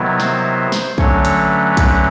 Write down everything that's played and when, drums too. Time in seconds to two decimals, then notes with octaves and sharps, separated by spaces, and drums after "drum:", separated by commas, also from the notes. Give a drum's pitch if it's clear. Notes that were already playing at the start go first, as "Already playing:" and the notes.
Already playing: C3 D#3 F#3 B3 E4
0.20 C5, drum: snare
0.72 drum: snare
0.98 D3 F#3 A3 C#4 C#5, drum: kick
1.25 drum: hi-hat
1.37 B4
1.77 drum: kick, hi-hat